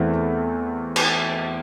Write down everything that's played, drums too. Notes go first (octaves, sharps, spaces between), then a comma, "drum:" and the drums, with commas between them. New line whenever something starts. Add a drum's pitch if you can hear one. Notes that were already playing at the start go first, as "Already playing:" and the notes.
Already playing: E2 E3 A3 C4 E4
drum: cymbal